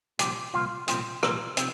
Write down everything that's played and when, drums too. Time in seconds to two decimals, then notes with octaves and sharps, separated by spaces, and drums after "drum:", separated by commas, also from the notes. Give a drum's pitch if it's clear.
0.19 C2 A#2 F3 G4, drum: hi-hat
0.54 C2 A#2 F3 F4
0.88 C2 A#2 F3 C4, drum: hi-hat
1.23 C2 A#2 F3 A#3, drum: rim click
1.57 C3 F3 C4, drum: hi-hat